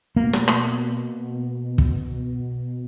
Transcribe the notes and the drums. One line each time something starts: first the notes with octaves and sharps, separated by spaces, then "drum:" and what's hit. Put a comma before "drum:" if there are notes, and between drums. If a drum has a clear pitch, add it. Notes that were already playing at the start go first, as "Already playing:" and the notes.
B2 A#3
drum: snare
drum: rim click
drum: kick